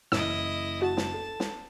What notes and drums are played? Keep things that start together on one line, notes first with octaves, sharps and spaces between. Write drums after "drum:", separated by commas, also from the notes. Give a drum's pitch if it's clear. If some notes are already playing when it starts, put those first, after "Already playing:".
F#1 E3 E4 D#5 E6, drum: snare
F#4 A5
drum: snare
A4
drum: snare